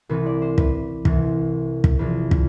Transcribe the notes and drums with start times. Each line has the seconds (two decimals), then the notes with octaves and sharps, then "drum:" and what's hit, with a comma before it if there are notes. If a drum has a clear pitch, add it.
0.09 C2 C3 E3 B4
0.26 D5
0.42 C5
0.58 B4, drum: kick
1.05 C2 C3 E3, drum: kick
1.84 drum: kick
1.99 E2 C3 F3 B4
2.31 drum: kick